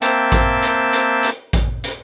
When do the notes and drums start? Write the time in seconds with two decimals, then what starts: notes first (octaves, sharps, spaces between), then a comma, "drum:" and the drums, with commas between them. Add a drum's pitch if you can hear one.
0.02 A#3 C4 E5 G5 A5, drum: hi-hat
0.32 drum: kick A1, hi-hat
0.62 drum: hi-hat
0.93 drum: hi-hat
1.23 drum: hi-hat
1.53 drum: kick A1, hi-hat
1.84 drum: hi-hat